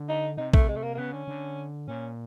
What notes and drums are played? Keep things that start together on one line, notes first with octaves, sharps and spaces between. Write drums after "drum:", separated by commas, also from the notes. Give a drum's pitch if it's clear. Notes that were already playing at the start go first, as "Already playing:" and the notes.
Already playing: D3
D#4
C3 D#4
A3, drum: kick
G#3
A3
A#3
A#3
C#3 B3
D3 C#4
D3
A#2 C#4